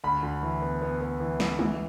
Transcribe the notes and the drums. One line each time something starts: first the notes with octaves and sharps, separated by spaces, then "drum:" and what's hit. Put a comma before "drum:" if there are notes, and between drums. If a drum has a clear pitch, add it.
D2 B5
D2
E3
B3
B3
B3
E3
B3, drum: snare
E3, drum: tom G3